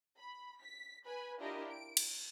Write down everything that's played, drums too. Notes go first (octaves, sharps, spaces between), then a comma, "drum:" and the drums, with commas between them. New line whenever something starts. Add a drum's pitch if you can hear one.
B5
B6
B4 G#5 B5
D4 E4 F4 G4 A#4 D#5
D7
drum: cymbal